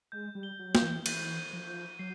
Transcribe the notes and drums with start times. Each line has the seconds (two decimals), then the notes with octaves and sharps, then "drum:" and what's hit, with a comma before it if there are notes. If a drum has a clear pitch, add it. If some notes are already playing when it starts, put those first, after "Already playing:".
0.12 G#3 G6
0.35 G3
0.43 G7
0.59 F#3
0.75 G6, drum: snare
0.82 E3
1.06 E3 D#7, drum: cymbal
1.37 D#7
1.53 F3
1.68 G6
1.99 F#3 C7